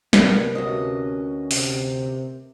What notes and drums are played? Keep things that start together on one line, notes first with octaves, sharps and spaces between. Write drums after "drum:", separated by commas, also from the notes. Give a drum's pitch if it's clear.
C3 A#4 B4, drum: snare
D2 A#2 C#4 D#5
C3, drum: open hi-hat